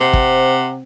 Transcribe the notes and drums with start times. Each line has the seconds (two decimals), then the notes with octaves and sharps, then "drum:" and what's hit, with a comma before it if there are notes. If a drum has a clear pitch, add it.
0.01 C3 C4 F#5
0.13 drum: kick